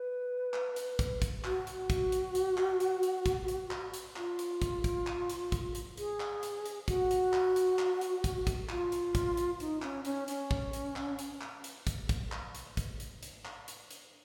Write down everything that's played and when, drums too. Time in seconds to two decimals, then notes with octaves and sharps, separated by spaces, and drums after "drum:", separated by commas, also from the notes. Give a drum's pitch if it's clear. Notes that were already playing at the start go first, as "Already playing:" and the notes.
Already playing: B4
0.54 drum: clap
0.76 drum: hi-hat
0.99 drum: kick, hi-hat
1.22 drum: kick, hi-hat
1.44 F#4, drum: clap
1.67 drum: hi-hat
1.90 drum: kick, hi-hat
2.12 drum: hi-hat
2.35 drum: hi-hat
2.58 drum: clap
2.80 drum: hi-hat
3.03 drum: hi-hat
3.26 drum: kick, hi-hat
3.48 drum: hi-hat
3.71 drum: clap
3.94 drum: hi-hat
4.16 F4, drum: clap
4.39 drum: hi-hat
4.62 drum: kick, hi-hat
4.84 drum: kick, hi-hat
5.07 drum: clap
5.30 drum: hi-hat
5.52 drum: kick, hi-hat
5.75 drum: hi-hat
5.98 G#4, drum: hi-hat
6.20 drum: clap
6.43 drum: hi-hat
6.65 drum: hi-hat
6.88 F#4, drum: kick, hi-hat
7.11 drum: hi-hat
7.33 drum: clap
7.56 drum: hi-hat
7.79 drum: clap
8.01 drum: hi-hat
8.24 drum: kick, hi-hat
8.47 drum: kick, hi-hat
8.69 F4, drum: clap
8.92 drum: hi-hat
9.15 drum: kick, hi-hat
9.37 drum: hi-hat
9.60 D#4, drum: hi-hat
9.82 C#4, drum: clap
10.05 C#4, drum: hi-hat
10.28 C#4, drum: hi-hat
10.51 drum: kick
10.73 drum: hi-hat
10.96 drum: clap
11.19 drum: hi-hat
11.41 drum: clap
11.64 drum: hi-hat
11.87 drum: kick, hi-hat
12.09 drum: kick, hi-hat
12.32 drum: clap
12.55 drum: hi-hat
12.77 drum: kick, hi-hat
13.00 drum: hi-hat
13.23 drum: hi-hat
13.45 drum: clap
13.68 drum: hi-hat
13.91 drum: hi-hat